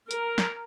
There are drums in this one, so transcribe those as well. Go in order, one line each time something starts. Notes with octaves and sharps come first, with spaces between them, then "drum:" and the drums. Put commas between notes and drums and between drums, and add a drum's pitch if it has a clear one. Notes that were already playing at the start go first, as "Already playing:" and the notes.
A#4, drum: hi-hat
drum: snare